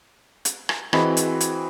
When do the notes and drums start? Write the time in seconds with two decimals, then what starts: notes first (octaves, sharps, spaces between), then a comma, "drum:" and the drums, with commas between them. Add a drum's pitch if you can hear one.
0.45 drum: hi-hat
0.69 drum: rim click
0.93 E3 C4 F#4 G#4 D#5 B5, drum: rim click
1.17 drum: hi-hat
1.41 drum: hi-hat